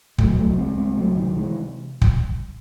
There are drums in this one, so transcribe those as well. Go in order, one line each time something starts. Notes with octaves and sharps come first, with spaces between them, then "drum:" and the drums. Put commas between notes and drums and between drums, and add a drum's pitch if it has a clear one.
C#2 F#3 A3, drum: kick
C#2 F#3 A3
C#2 G#3 C4
C3 G#3 C4
C#2 F#3 A3
C3 D#3 F#3
C3 E3 G#3
drum: kick